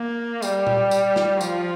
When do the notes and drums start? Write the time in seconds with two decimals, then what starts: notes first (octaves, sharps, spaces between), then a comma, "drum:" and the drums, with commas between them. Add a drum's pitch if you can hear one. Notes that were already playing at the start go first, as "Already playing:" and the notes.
Already playing: A#3
0.42 G3, drum: tambourine
0.67 drum: tom A#2
0.91 drum: tambourine
1.16 drum: snare
1.41 F3, drum: tambourine